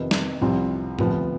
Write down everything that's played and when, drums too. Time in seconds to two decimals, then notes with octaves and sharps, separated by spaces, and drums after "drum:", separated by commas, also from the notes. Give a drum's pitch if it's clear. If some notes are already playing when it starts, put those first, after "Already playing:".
Already playing: F2 C3 D#3 B3
0.11 drum: snare
0.41 C2 C3 F3 C4
0.99 D2 C3 F3 B3, drum: tom F#2